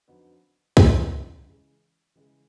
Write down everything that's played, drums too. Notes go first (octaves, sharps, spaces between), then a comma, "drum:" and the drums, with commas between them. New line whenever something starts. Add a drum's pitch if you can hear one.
F2 D3 F#3 B3 D#4
F2 D3 F#3 B3 D#4, drum: kick
C#3 E3 G#3
C#3 E3 G#3